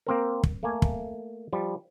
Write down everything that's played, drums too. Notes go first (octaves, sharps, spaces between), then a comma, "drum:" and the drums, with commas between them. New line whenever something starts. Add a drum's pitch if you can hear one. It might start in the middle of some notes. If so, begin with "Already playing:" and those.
A#3 C4 A#4
drum: kick
A3 A#3 G#5
drum: kick
F3 G3